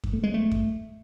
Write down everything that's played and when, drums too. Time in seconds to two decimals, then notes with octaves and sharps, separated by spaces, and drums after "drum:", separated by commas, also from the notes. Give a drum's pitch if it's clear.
0.04 drum: kick F#2
0.13 A3
0.23 G#3
0.34 A3
0.52 drum: kick F#2